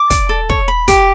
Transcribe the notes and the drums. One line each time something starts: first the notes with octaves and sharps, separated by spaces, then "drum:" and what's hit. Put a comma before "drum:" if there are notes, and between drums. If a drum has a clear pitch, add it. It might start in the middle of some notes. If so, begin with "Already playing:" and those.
Already playing: D6
D5, drum: kick, hi-hat
A4
C#5, drum: kick
B5
G4, drum: kick, hi-hat